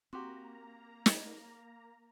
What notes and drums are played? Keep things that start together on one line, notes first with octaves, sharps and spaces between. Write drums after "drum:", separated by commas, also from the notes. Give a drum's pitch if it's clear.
A#3 C4 F#4 G4 A#5 C6 D6
drum: snare